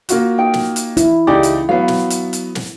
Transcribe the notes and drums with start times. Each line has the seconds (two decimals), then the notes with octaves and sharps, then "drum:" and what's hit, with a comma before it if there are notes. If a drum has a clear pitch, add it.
0.09 A#3 F4 F#4, drum: hi-hat
0.38 D#4 G5
0.54 drum: snare
0.76 drum: hi-hat
0.97 E4, drum: hi-hat
1.27 C#2 D#4 G4 D5
1.43 drum: hi-hat
1.69 F#3 B3 F5
1.88 drum: snare
2.10 drum: hi-hat
2.33 drum: hi-hat
2.55 drum: snare